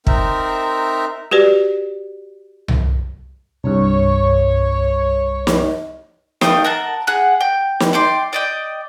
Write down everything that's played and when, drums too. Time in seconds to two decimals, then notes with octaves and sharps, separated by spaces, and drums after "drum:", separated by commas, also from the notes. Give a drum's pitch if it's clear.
0.07 C4 D#4 A#4 E5, drum: kick
1.31 F#4 G4 B4 D5
2.68 drum: tom C2
3.64 C2 G2 C#5
5.47 drum: snare
6.41 A3 F5 G5 D#6, drum: snare
6.64 A#4 F#5 A5
7.07 G#4 F#5 F#6
7.41 G5
7.80 drum: snare
7.93 D5 G5 C6
8.33 D5 D#5 G5